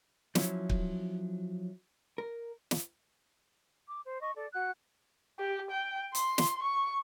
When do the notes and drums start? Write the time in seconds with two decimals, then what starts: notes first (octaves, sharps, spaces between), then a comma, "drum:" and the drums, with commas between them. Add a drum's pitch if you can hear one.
0.35 F3 F#3 C#4 E4, drum: snare
0.70 drum: kick
2.18 A#4
2.71 drum: snare
3.87 D6
4.04 C5
4.20 D#5 C#6
4.36 A4 D5
4.53 F#4 F#5 F#6
5.39 G4
5.71 G5
6.15 C6, drum: hi-hat
6.38 drum: snare
6.62 C#6